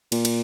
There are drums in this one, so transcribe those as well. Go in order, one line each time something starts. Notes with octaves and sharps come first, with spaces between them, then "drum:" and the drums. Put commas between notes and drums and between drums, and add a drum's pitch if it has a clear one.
A#2, drum: cymbal
drum: cymbal